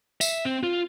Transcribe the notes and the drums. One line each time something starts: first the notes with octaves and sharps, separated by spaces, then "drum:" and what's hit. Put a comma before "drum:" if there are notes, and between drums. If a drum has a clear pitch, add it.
E5, drum: tambourine
C4
F4